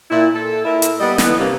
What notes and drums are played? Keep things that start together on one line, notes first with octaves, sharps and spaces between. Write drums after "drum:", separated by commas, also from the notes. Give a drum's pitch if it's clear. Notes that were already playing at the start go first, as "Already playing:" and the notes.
A#2 E4
A4
A#2 E4 A#4 E5
drum: hi-hat
G3 B3 D#5
D3 E3 B3, drum: snare
G2 C3 A#3 C#4 D#4